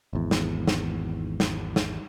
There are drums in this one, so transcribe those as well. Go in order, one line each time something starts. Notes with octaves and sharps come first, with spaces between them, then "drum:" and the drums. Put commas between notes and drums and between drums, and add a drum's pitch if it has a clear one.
G#1 E2
drum: snare
drum: snare
drum: snare
drum: snare